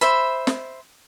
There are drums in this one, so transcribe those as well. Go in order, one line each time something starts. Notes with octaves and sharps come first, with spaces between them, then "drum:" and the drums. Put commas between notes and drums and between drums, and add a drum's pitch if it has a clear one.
C5 E5 B5, drum: hi-hat
drum: snare